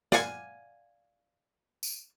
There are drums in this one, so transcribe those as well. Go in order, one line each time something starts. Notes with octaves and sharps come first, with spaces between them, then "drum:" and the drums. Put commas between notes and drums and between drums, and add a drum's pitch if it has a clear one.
D5 F5 F#5 G#5, drum: snare
drum: tambourine